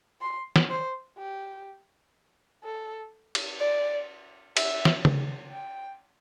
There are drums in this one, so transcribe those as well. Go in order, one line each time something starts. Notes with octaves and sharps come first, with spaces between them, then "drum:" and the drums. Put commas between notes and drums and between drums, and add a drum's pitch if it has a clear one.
C6
drum: snare
C5
G4
A4
drum: cymbal
D5
E5, drum: cymbal
drum: snare
drum: tom C#3
G5